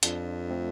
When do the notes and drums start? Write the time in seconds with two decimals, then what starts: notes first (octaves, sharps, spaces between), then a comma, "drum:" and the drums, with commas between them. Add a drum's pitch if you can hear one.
0.03 F2 D4 F4, drum: hi-hat
0.51 A3 C4